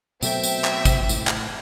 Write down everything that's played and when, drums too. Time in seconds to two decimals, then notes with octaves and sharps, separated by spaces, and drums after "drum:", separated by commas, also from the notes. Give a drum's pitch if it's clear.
0.22 B2 F#3 A3 C4 E5 G5, drum: tambourine
0.43 drum: tambourine
0.64 drum: clap
0.85 drum: kick G#1, tambourine
1.09 A2, drum: tambourine
1.27 drum: clap